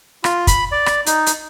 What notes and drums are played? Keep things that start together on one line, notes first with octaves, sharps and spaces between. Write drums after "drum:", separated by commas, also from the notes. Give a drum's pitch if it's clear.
F4, drum: rim click
B5, drum: kick, hi-hat
D5
drum: rim click
D#4, drum: hi-hat
drum: hi-hat